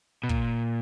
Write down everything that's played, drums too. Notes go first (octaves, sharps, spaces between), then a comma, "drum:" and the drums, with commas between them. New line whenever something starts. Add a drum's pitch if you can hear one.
B2
A#2, drum: kick